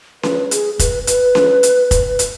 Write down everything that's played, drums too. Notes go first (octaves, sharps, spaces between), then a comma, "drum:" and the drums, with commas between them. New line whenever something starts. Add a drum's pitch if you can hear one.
B4, drum: snare C#4
G#4, drum: hi-hat
B4, drum: kick, hi-hat
B4, drum: hi-hat
drum: snare C#4
drum: hi-hat
drum: kick, hi-hat
drum: hi-hat